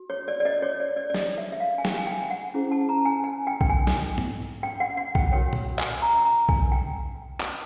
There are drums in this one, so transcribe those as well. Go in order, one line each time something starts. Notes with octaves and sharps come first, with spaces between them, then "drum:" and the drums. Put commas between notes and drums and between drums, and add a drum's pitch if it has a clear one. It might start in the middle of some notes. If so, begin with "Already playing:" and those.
Already playing: F#4
C#5
D5
D5
D#5
C#5
D5
D5
D5
D#5, drum: snare
E5
E5
F5
G#5
G5, drum: snare
G#5
G5
F#5
C#4 E4 G#4 C5
A5
A#5
G#5
G#5
G5
G5, drum: kick B1
G#5
drum: snare
drum: tom
G5
F#5
F#5
G5, drum: kick B1
F#4 A#4 C#5 G5
drum: tom A#2
G#5, drum: clap
A#5
A#5
G#5, drum: kick B1
G5
drum: clap